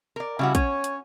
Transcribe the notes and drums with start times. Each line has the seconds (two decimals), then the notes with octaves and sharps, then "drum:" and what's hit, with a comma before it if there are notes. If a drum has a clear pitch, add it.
0.16 A#4 D5
0.39 C#3 G3 E4 F#4
0.55 C#4 C#5, drum: kick, hi-hat
0.84 drum: hi-hat